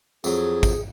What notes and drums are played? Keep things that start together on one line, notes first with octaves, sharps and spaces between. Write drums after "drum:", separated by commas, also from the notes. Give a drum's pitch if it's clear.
F2 F#3 G#4, drum: tambourine
drum: kick, tambourine